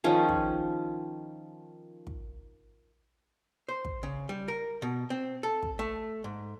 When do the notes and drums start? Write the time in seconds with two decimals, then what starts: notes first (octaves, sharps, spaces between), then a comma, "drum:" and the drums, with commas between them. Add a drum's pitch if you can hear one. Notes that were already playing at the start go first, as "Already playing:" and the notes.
0.04 D#3 F3 C#4 G#4
0.29 drum: kick
2.07 drum: kick
3.69 C5
3.85 drum: kick
4.03 C#3
4.29 G3
4.48 A#4
4.82 B2
5.10 C4
5.43 A4
5.63 drum: kick
5.79 A3
6.24 G#2